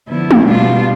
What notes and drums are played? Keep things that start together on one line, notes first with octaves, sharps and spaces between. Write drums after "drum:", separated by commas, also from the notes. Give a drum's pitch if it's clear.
D3 F3 B3 E4
drum: tom G#3
B2 G3 B3 D4 F4